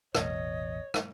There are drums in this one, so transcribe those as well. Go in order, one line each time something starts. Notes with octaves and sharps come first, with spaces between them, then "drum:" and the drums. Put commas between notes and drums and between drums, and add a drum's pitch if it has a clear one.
A1 E2 B2 C#5 D#5, drum: rim click
drum: rim click